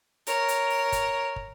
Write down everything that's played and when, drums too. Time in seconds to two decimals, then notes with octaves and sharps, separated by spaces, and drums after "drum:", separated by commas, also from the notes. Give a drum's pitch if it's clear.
0.27 A#4 C#5, drum: hi-hat
0.48 drum: hi-hat
0.70 drum: open hi-hat
0.92 drum: kick, hi-hat
1.36 drum: kick